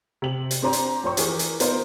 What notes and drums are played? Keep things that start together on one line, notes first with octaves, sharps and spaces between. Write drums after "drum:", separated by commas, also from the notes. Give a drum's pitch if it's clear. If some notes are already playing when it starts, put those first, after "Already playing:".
C3 F#7
drum: hi-hat
C4 D4 G4 C5 A#5 C6
drum: hi-hat
A#1 C5 C#6
E3 G4 G#4 A#4, drum: hi-hat
drum: hi-hat
B3 D#4 F4 A#4 C5, drum: hi-hat